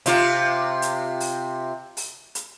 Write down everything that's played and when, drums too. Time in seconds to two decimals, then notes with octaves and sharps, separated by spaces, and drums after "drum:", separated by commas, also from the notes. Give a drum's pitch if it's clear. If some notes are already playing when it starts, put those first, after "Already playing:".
0.06 C3 F4, drum: hi-hat
0.82 drum: hi-hat
1.20 drum: open hi-hat
1.97 drum: open hi-hat
2.35 drum: hi-hat